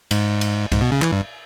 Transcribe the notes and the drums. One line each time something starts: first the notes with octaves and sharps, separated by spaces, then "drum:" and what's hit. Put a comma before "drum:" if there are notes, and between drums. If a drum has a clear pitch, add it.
G#2, drum: cymbal
drum: cymbal
G#2, drum: kick C2, cymbal
B2
C#3
E3, drum: clap
G2